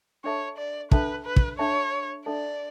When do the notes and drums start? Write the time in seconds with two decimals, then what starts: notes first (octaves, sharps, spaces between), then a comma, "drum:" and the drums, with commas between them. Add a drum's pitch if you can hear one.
0.24 D4 A4 C#5 E5 A5
0.57 D5
0.91 D4 A4 B4 E5 A5, drum: kick
1.25 B4
1.36 drum: kick
1.58 D4 A4 C#5 E5 A5
2.26 D4 A4 D5 E5 A5